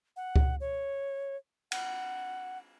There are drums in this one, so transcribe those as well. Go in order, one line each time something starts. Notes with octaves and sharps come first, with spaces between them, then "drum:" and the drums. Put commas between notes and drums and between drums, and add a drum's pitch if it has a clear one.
F#5
drum: kick C#2
C#5
F#5, drum: cymbal